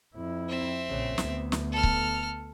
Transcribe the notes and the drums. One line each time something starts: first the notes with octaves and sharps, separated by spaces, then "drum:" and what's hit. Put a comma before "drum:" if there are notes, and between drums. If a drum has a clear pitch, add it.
F2 E4
C4 E5
A#1 C#3
D2 B3, drum: snare
drum: snare
A4 F6
drum: kick C#1